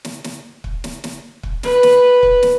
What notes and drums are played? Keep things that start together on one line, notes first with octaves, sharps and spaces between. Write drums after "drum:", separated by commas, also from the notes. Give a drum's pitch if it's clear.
drum: snare
drum: snare
drum: kick
drum: snare
drum: snare
drum: kick
B4, drum: snare
drum: snare
drum: kick
drum: snare